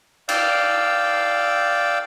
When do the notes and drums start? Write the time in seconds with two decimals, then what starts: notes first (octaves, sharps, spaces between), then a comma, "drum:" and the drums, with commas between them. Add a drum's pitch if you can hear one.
0.29 D5 F5 G5 E6, drum: cymbal